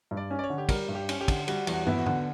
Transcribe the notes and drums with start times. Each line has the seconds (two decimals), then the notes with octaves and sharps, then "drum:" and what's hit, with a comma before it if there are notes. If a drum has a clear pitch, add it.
0.11 G2
0.17 D5
0.30 C#4
0.39 D5
0.44 C#5
0.50 D3
0.58 G4
0.69 G3 A#4, drum: kick, cymbal
0.88 G2
0.95 G4
1.09 C#4, drum: cymbal
1.21 G4
1.28 D3, drum: kick, cymbal
1.48 G3 F#4, drum: cymbal
1.67 E2, drum: cymbal
1.73 F#4
1.87 B3 E4, drum: tom
1.99 F#4
2.06 D3, drum: tom